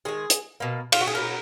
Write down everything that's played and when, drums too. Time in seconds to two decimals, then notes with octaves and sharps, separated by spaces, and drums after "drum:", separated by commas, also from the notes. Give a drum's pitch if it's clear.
0.05 D#3 G#3 G#4
0.30 drum: hi-hat
0.60 B2 A#3
0.92 F4, drum: cymbal
1.01 F#4
1.07 G#4
1.14 B2 F#3 A#3 A#4